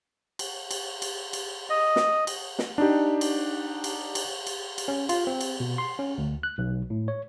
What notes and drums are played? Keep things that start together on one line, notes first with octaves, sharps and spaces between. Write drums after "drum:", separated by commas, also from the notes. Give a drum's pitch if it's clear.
drum: cymbal
drum: cymbal
drum: cymbal
drum: cymbal
D#5
drum: snare
drum: cymbal
drum: snare
D4 D#4 G4
drum: cymbal
drum: cymbal
drum: cymbal
drum: cymbal
drum: cymbal
C#4
F4, drum: cymbal
C4
drum: cymbal
B2
C6
C#4
D2
F#6
B1
A2
C#5